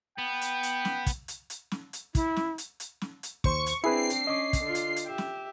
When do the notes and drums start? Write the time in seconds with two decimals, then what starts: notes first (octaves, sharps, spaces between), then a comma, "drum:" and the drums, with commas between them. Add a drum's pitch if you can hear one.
0.18 B3 G5
0.41 drum: hi-hat
0.63 drum: hi-hat
0.85 drum: snare
1.06 drum: kick, hi-hat
1.28 drum: hi-hat
1.50 drum: hi-hat
1.71 drum: snare
1.93 drum: hi-hat
2.15 E4, drum: kick, hi-hat
2.36 drum: snare
2.58 drum: hi-hat
2.80 drum: hi-hat
3.01 drum: snare
3.23 drum: hi-hat
3.44 D#2 C5 C6 C#6, drum: kick
3.66 drum: hi-hat
3.84 C4 D4 E4 G#4 B4 C7
4.10 drum: hi-hat
4.27 C#4 D#5 D6
4.53 drum: kick, hi-hat
4.64 D3 F4
4.75 drum: hi-hat
4.96 drum: hi-hat
5.06 G4 E5
5.18 drum: snare